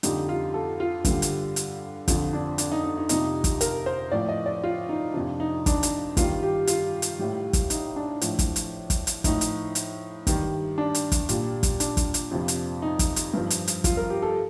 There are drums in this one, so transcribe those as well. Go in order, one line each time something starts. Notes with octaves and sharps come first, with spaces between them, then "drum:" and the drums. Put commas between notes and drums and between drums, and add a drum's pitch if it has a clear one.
F2 D3 G3 D#4, drum: hi-hat
F4
A4
F4
G2 D3 G3, drum: kick, hi-hat
drum: hi-hat
drum: hi-hat
F2 D3 F3, drum: kick, hi-hat
D4
D4, drum: hi-hat
D#4
D#4
D#4
F2 C3 G3 D#4, drum: hi-hat
drum: kick, hi-hat
A#4, drum: hi-hat
C5
A2 F3 D5
D#5
D5
F4
D#4
F2 C3 F3 D4
D#4
D4, drum: kick, hi-hat
drum: hi-hat
G2 D#3 G3 F4, drum: kick, hi-hat
G4
F4, drum: hi-hat
drum: hi-hat
A2 G3
drum: kick, hi-hat
D#4, drum: hi-hat
D4
A2 F3, drum: hi-hat
drum: kick, hi-hat
drum: hi-hat
drum: kick, hi-hat
drum: hi-hat
A2 F3 D#4, drum: kick, hi-hat
drum: hi-hat
drum: hi-hat
G2 D#3 G3, drum: kick, hi-hat
D4
drum: hi-hat
drum: kick, hi-hat
A#2 G3, drum: hi-hat
drum: kick, hi-hat
D4, drum: hi-hat
drum: kick, hi-hat
drum: hi-hat
F2 C3 F3
drum: hi-hat
D#4
drum: kick, hi-hat
drum: hi-hat
G2 F3
drum: hi-hat
drum: hi-hat
F4, drum: kick, hi-hat
A#4
G4
A4